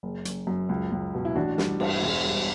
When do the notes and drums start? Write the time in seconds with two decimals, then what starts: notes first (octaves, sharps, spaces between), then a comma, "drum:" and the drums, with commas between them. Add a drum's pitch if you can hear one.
0.03 F#1
0.25 F#1, drum: hi-hat
0.47 F#2
0.69 C#2
0.92 C#2
1.15 B2
1.25 E4
1.36 A1 D4 F#4
1.58 G3, drum: snare
1.80 G2, drum: cymbal
2.02 E1
2.25 G3